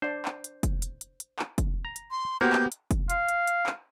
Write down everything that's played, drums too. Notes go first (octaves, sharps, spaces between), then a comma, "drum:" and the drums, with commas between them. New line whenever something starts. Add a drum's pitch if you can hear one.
D4 C5 D5
drum: clap
drum: hi-hat
drum: kick, hi-hat
drum: hi-hat
drum: hi-hat
drum: hi-hat
drum: clap
drum: kick, hi-hat
A#5
drum: hi-hat
C6
A#3 B3 F#4 G4 C5 A#5 G6
drum: clap
drum: hi-hat
drum: kick, hi-hat
F5, drum: hi-hat
drum: hi-hat
drum: hi-hat
drum: clap